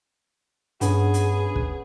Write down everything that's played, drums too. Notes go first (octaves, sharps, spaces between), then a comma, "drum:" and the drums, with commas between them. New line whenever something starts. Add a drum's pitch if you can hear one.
G2 B3 C#4 G#4, drum: hi-hat
drum: hi-hat
drum: kick